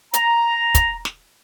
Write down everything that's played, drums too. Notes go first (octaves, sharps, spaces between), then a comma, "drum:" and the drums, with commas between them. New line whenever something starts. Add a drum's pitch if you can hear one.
A#5, drum: hi-hat
drum: kick, hi-hat
drum: snare